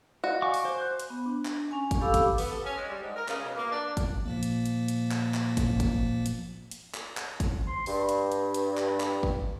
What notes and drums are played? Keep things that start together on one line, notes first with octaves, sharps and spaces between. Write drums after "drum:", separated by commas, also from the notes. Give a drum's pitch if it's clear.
F#4 D5 D#5 F5
F5 G#5 C#6 D6
drum: open hi-hat
C5 G#5
F#6
drum: hi-hat
B3
D4
drum: clap
C#4 G#5
drum: kick, hi-hat
G4 A4 F5 B5 D6 E6
drum: kick, hi-hat
B3, drum: open hi-hat
A4
C#4
G#3
G3
G#2
A#4
C#3, drum: clap
B2
A#3
D4
drum: kick, hi-hat
A#2 F3 A#3
drum: hi-hat
drum: hi-hat
drum: hi-hat
drum: clap
drum: clap
drum: kick, hi-hat
drum: kick, hi-hat
drum: hi-hat
drum: hi-hat
drum: clap
drum: clap
drum: kick, hi-hat
C6
G2, drum: open hi-hat
drum: hi-hat
drum: hi-hat
drum: hi-hat
drum: clap
drum: clap
drum: kick